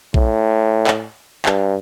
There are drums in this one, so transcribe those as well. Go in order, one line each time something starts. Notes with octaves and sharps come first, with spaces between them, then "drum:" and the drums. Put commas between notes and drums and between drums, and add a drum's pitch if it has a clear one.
A2, drum: kick A#1
drum: clap
G2, drum: clap